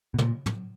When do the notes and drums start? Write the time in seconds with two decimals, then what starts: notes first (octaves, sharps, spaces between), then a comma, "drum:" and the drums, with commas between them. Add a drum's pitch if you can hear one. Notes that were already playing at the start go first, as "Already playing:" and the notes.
0.14 B2
0.18 A#2, drum: tom
0.46 drum: tom